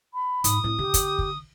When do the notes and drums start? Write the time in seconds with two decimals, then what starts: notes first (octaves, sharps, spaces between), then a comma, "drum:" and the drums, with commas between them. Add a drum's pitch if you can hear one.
0.14 B5
0.44 G#2 D#6, drum: hi-hat
0.64 A2 C4
0.79 D3 G4
0.94 drum: kick, hi-hat
1.18 drum: kick